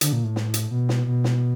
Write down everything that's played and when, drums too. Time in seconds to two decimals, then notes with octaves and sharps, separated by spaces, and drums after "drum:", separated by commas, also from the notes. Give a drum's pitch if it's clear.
0.01 D3, drum: hi-hat
0.12 A#2
0.24 A2
0.36 drum: snare
0.54 drum: hi-hat
0.71 B2
0.89 drum: snare
1.07 B2
1.24 drum: snare